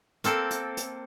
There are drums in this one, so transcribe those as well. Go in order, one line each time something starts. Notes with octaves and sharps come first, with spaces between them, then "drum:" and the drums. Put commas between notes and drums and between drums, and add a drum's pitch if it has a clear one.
A#3 C4 A4, drum: hi-hat
drum: hi-hat
drum: hi-hat